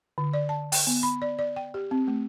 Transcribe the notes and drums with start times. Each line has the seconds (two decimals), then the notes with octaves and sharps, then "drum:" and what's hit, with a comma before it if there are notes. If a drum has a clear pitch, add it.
0.18 D3
0.34 D5
0.49 A5
0.72 G5, drum: open hi-hat
0.87 B3
1.03 B5
1.22 D5
1.39 D5
1.56 G5
1.74 G4
1.91 C4
2.08 A3